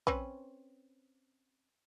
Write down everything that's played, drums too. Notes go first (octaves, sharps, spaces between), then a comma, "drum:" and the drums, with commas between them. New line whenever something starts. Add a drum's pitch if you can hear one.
C4 C#4 B4, drum: kick